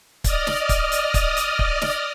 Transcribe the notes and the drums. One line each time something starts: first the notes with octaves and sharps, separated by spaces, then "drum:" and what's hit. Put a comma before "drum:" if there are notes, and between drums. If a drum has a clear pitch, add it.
D5 D#5 D#6 F6, drum: kick, hi-hat
drum: snare
drum: kick, hi-hat
drum: hi-hat
drum: kick, hi-hat
drum: hi-hat
drum: kick
drum: snare